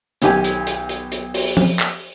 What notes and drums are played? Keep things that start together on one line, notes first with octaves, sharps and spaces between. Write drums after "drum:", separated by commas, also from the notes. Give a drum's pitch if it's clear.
B1 D#3 G4 G#5, drum: hi-hat
drum: hi-hat
drum: hi-hat
drum: hi-hat
drum: hi-hat
drum: open hi-hat
drum: tom
drum: clap